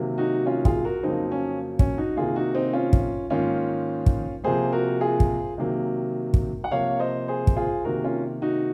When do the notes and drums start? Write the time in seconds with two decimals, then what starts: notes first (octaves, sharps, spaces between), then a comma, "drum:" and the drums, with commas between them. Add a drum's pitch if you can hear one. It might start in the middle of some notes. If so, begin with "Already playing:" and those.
Already playing: C3 D#3 F#3 A#3
0.18 D#4 F#4
0.46 C#4 F4
0.65 F4 G#4, drum: kick
0.85 F#4 A#4
1.03 F2 C#3 F#3 A#3 C4 D#4
1.32 C#4
1.79 C#4, drum: kick
1.98 D#4 F#4
2.17 C3 D#3 A#3 F4 G#4
2.36 D#4 F#4
2.55 C4 D#4
2.73 C#4 F4
2.93 drum: kick
3.30 G#2 D#3 A#3 C#4 F4
4.06 drum: kick
4.44 C3 F3 A#3 G#4 C5
4.73 F#4 A#4
5.01 F4 G#4
5.20 drum: kick
5.58 C3 D#3 F#3 A#3
6.34 drum: kick
6.64 F#5
6.71 C3 F3 A#3 C#5 F5
7.00 C5 D#5
7.28 G#4 C5
7.47 drum: kick
7.56 F4 G#4
7.85 C3 D#3 A#3 F#4 A#4
8.04 C#4 F4
8.42 D#4 F#4